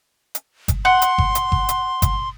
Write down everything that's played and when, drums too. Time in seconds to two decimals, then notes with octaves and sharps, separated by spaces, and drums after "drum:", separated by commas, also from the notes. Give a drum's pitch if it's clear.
0.35 drum: hi-hat
0.68 drum: kick G1, hi-hat
0.85 F#5 C6
1.02 drum: hi-hat
1.18 drum: kick G1
1.35 drum: hi-hat
1.52 drum: kick G1
1.69 drum: hi-hat
2.02 drum: kick G1, hi-hat